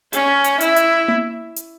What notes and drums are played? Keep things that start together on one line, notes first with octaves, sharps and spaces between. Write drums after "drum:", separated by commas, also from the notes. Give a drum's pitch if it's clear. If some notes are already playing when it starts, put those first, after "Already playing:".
C#4, drum: hi-hat
drum: hi-hat
E4, drum: hi-hat
drum: hi-hat
drum: tom A#3
drum: hi-hat